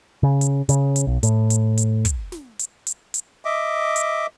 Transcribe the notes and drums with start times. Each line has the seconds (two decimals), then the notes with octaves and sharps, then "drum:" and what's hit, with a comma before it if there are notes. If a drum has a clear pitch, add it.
0.23 C#3
0.41 drum: hi-hat
0.69 C#3, drum: hi-hat
0.96 drum: hi-hat
1.07 B1
1.23 A2, drum: hi-hat
1.50 drum: hi-hat
1.77 drum: hi-hat
2.05 drum: kick, hi-hat
2.32 drum: snare
2.59 drum: hi-hat
2.87 drum: hi-hat
3.14 drum: hi-hat
3.45 D#5 E5 D6
3.96 drum: hi-hat